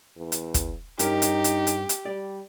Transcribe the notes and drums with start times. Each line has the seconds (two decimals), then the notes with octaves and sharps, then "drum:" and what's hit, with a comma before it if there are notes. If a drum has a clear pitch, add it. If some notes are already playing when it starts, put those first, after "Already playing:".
0.17 E2
0.32 drum: hi-hat
0.54 drum: kick, hi-hat
0.99 G2 C#4 D#4 G4 A#4, drum: hi-hat
1.22 drum: hi-hat
1.44 drum: hi-hat
1.67 drum: hi-hat
1.89 drum: hi-hat
2.05 G3 D5